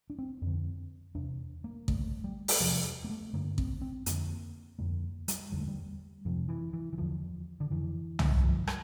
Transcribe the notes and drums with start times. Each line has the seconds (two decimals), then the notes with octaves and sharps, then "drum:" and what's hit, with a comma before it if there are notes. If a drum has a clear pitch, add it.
0.10 D4
0.18 C4
0.42 F2 D3 C4
1.15 E2 C3 D4
1.64 A#3
1.88 G2 D3 A3, drum: kick A1
2.24 G3
2.48 drum: open hi-hat
2.60 E2 C3 F3
3.04 A#3
3.10 A3
3.33 G2 D3 A#3
3.58 C4, drum: kick A1
3.81 C4
4.06 F2 D3 A#3, drum: hi-hat
4.79 F2 D3 A#3
5.28 G3, drum: hi-hat
5.52 E2 D3 G3
5.60 A3
5.67 G3
6.25 F2 C3 F3
6.49 E3
6.73 E3
6.93 E3
6.98 E2 D3 F3
7.60 D3
7.70 F2 D3 E3
8.19 drum: tom
8.32 G3
8.43 G2 D3 F3
8.67 G3, drum: rim click